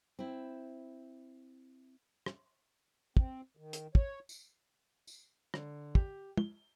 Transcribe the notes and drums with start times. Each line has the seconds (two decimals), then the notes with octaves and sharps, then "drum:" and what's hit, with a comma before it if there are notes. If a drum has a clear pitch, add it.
0.19 C4 E4
2.26 drum: rim click
3.17 C4, drum: kick
3.57 D#3
3.73 drum: hi-hat
3.95 C#5, drum: kick
4.29 drum: tambourine
5.07 drum: tambourine
5.54 D3, drum: rim click
5.95 G4, drum: kick
6.38 G7, drum: tom